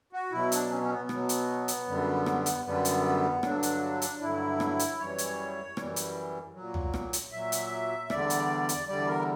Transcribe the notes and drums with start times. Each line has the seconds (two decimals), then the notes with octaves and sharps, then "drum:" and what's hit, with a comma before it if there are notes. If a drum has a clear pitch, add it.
0.13 F#4
0.32 B2 F#3 E4
0.52 D4, drum: hi-hat
0.71 C#4
0.83 C#4
0.91 B3
1.09 B2 F#3, drum: rim click
1.29 drum: hi-hat
1.68 drum: hi-hat
1.88 F#2 D3 G3
2.26 drum: rim click
2.46 drum: hi-hat
2.65 F#2 D3 G3 B3
2.85 drum: hi-hat
3.43 G2 D3 F#3 D4, drum: rim click
3.63 drum: hi-hat
4.02 drum: hi-hat
4.21 G2 D3 F#3 E4
4.60 drum: rim click
4.79 drum: hi-hat
4.98 F#2 E3 G3 C#5
5.18 drum: hi-hat
5.77 F#2 E3 G3, drum: rim click
5.96 drum: hi-hat
6.54 A#2 F#3
6.74 drum: tom
6.94 drum: rim click
7.13 drum: hi-hat
7.32 A#2 F#3 E5
7.52 drum: hi-hat
8.10 E2 D3 G3 D5, drum: rim click
8.30 drum: hi-hat
8.69 drum: hi-hat
8.88 E2 D3 G3 D5
9.08 A#4